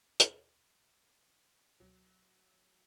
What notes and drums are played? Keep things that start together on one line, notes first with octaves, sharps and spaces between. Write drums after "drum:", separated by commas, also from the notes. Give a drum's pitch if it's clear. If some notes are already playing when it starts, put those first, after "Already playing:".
D#2 B2, drum: hi-hat
C#2 B2 F#3